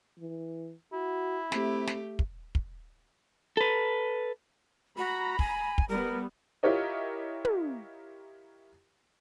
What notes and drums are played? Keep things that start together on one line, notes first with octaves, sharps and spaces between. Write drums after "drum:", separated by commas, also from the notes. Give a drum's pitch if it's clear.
E3
E4 F#4
A3 C4 G4, drum: snare
drum: snare
drum: kick
drum: kick
A4 B4
F#4 A#5 B5
G#5, drum: kick
drum: kick
G3 B3 A#4
E4 F4 G4 A#4 C#5 D#5
drum: tom